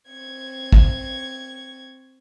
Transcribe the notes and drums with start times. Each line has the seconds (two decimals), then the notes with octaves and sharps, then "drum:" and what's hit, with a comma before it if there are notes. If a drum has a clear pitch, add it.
0.11 C4 C#6 G#6
0.72 drum: kick